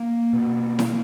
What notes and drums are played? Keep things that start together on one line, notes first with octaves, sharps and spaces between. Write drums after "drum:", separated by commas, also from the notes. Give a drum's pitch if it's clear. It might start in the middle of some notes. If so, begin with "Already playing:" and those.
Already playing: A#3
B2
drum: snare E4